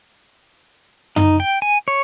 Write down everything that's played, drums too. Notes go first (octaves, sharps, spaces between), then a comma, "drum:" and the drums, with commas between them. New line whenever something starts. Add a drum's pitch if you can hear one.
D#4, drum: tom F#2
G5
G#5
C#5